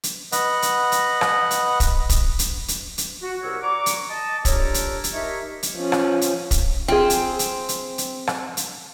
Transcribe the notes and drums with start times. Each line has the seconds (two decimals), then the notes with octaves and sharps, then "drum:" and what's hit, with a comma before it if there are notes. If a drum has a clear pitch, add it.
0.03 drum: hi-hat
0.32 B4 D#5 F#5, drum: hi-hat
0.62 drum: hi-hat
0.92 drum: hi-hat
1.21 drum: rim click
1.51 drum: hi-hat
1.80 drum: kick, hi-hat
2.09 drum: kick, hi-hat
2.39 drum: hi-hat
2.68 drum: hi-hat
2.98 drum: hi-hat
3.22 F#4
3.42 C2 G4 A#4 C#5 F#5 E6
3.62 D5 A#5 C#6 D6
3.86 drum: hi-hat
4.10 D#5 A5
4.45 D4 F4 G4 A4 A#4 C#5, drum: kick, hi-hat
4.74 drum: hi-hat
5.04 drum: hi-hat
5.13 D#4 G4 A#4 C#5 E5
5.63 drum: hi-hat
5.76 F3 C#4
5.92 drum: rim click
6.21 drum: hi-hat
6.51 drum: kick, hi-hat
6.88 C4 F4 G#4
7.10 drum: hi-hat
7.39 drum: hi-hat
7.69 drum: hi-hat
7.98 drum: hi-hat
8.27 drum: rim click
8.57 drum: hi-hat